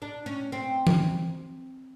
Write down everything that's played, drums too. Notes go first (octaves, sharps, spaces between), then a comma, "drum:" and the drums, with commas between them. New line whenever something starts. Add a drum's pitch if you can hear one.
D4
C#4
C4
drum: tom E3